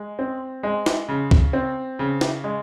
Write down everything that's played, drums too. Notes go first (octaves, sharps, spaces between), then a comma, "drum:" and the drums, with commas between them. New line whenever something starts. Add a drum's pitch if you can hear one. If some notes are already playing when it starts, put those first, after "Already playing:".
Already playing: G#3
C4
G#3
drum: snare
C#3
drum: kick
C4
C#3
drum: snare
G#3